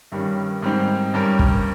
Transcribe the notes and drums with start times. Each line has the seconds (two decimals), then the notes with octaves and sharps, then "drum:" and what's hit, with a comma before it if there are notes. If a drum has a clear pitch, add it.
0.12 G2 D#3 G3 C#4
0.62 G#2 G3 C4 D#4
1.14 G2 G3 C#4 G4 A#4
1.39 drum: kick